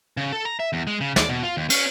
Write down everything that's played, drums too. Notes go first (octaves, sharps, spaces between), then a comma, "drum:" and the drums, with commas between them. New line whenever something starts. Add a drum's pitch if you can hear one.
C#3
A4
A#5
E5
E2
G#3
C#3
D5, drum: snare
B2
F4
D#2
C#4, drum: cymbal